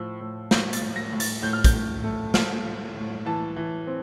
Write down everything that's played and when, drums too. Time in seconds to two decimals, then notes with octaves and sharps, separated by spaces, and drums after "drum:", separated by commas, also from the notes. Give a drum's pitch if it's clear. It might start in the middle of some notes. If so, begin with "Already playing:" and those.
Already playing: A2 F3 E6
0.21 A2
0.51 F3 G6, drum: snare
0.73 A6, drum: hi-hat
0.81 A2
0.96 A#6
1.12 A2
1.20 A6, drum: hi-hat
1.42 A2 G6
1.53 F6
1.64 G6, drum: kick, hi-hat
1.73 A2
2.03 A3
2.34 F3 F6, drum: snare
2.65 F3
2.96 A2
3.26 E3 A5
3.56 E3
3.87 C4